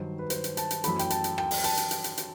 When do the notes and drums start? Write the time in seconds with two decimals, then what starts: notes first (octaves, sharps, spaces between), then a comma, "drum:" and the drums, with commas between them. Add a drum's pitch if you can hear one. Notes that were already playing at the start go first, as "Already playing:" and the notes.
Already playing: G2 D#3 F#3 C5
0.19 B4
0.30 C5, drum: hi-hat
0.44 drum: hi-hat
0.57 A5, drum: hi-hat
0.71 drum: hi-hat
0.84 F#2 E3 A3 B5, drum: hi-hat
0.99 G5, drum: hi-hat
1.10 A5, drum: hi-hat
1.24 drum: hi-hat
1.38 G5, drum: rim click
1.51 drum: open hi-hat
1.64 A5, drum: hi-hat
1.77 drum: hi-hat
1.91 drum: hi-hat
2.04 drum: hi-hat
2.17 drum: hi-hat